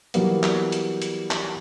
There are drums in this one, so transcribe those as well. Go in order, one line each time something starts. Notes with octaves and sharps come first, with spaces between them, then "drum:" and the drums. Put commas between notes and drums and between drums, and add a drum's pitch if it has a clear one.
E3 F#3 G3 A#3 B3, drum: hi-hat
drum: clap
drum: hi-hat
drum: hi-hat
drum: clap